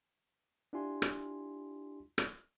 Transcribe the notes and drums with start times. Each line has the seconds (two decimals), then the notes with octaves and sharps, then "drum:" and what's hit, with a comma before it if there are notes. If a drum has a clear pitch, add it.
0.73 D4 E4 F4 G4 G#5 C6
1.02 drum: rim click
2.18 drum: rim click